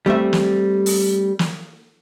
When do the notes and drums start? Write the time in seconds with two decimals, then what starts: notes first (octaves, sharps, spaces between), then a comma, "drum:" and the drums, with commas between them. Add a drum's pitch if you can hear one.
0.06 G3 A3 C4 E5
0.33 drum: snare
0.86 drum: open hi-hat
1.39 drum: snare